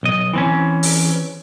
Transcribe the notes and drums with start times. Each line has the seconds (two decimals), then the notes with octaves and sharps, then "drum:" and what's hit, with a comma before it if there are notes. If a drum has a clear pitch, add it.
0.03 B1 D#5
0.34 E3 C4 C#4
0.83 drum: open hi-hat